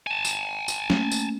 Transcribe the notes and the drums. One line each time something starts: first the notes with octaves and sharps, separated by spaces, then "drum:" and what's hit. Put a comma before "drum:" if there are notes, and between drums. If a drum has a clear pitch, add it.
G#5 A5
drum: tambourine
drum: tambourine
A3 A#3 C#4, drum: snare
drum: tambourine